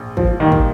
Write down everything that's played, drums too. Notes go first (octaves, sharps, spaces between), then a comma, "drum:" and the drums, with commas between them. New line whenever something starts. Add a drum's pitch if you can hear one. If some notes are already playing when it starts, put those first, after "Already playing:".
Already playing: A#1
F3, drum: kick
A#2 D#3 G3 A#3 D#4
drum: kick